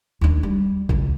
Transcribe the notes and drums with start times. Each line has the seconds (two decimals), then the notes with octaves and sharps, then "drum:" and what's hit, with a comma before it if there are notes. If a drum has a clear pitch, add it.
0.21 D#2 D4
0.43 G3
0.89 E1 C#2, drum: kick